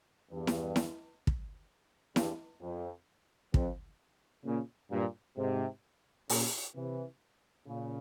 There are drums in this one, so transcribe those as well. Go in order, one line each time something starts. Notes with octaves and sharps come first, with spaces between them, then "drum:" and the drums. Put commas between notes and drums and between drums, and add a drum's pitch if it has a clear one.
E2 G2
drum: snare E4
drum: snare E4
drum: kick
E2 G2, drum: snare E4
F2
F2, drum: kick
A#2 C#3
G2 A#2
G#2 C3
A#2 C#3, drum: open hi-hat
C3 E3
A#2 C#3